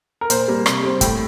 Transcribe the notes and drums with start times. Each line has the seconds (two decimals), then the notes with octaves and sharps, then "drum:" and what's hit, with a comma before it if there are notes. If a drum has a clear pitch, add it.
0.21 A#4
0.30 A#2 C5, drum: hi-hat
0.48 G3 A#3
0.66 C3, drum: rim click
0.83 G3 C4
1.01 A2 G5, drum: kick, hi-hat